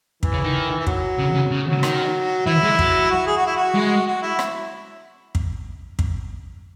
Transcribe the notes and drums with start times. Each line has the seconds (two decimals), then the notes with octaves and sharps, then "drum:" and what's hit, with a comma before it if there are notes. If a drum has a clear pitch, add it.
0.23 E3, drum: kick
0.33 C#3
0.44 D#3
0.79 E3
0.87 F#3, drum: kick
1.19 C#3
1.35 C#3
1.51 C#3
1.67 F#3
1.83 D#3, drum: rim click
2.46 E3 E4
2.63 G#3
2.79 F#3, drum: kick
3.10 F#4
3.27 G#4
3.37 F#4
3.47 E4
3.56 F#4
3.75 G#3
4.07 F#4
4.22 E4
4.39 drum: rim click
5.35 drum: kick
5.99 drum: kick